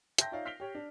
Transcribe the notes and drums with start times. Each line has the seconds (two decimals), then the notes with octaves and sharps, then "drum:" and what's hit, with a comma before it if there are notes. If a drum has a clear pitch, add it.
0.18 E5 G5 A5 C6 G6 A#6, drum: hi-hat
0.32 D#4 F4 C#5 D5 E5 F5
0.45 F6 B6 C7 D7 F7 G7
0.60 G4 C#5
0.75 D4